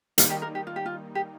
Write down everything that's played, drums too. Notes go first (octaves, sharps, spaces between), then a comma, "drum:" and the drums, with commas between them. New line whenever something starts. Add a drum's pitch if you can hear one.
D#3 G3 A#3 D#4 F4, drum: hi-hat
G4
A#4
G4
F4
G4
F4
G4